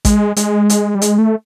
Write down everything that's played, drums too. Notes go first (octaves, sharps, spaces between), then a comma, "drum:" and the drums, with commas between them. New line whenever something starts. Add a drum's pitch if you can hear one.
G#3, drum: kick A1, hi-hat
G#3, drum: hi-hat
drum: hi-hat
G3
G#3, drum: hi-hat
A3